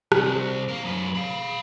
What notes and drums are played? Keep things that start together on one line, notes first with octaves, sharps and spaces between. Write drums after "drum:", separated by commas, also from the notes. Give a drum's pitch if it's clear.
C2, drum: rim click
A#3 A#4
F#2 B4
F5 B5